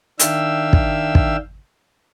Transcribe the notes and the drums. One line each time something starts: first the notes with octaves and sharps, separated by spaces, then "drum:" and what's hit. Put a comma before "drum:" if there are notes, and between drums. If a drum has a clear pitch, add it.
D#3 D4 E5 F5 G5 E6, drum: hi-hat
drum: kick
drum: kick